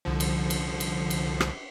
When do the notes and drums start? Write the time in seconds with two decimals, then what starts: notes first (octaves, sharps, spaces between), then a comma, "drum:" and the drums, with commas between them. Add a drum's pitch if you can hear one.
0.05 C2 D3 F3
0.20 drum: cymbal
0.50 drum: cymbal
0.80 drum: cymbal
1.10 drum: cymbal
1.40 drum: rim click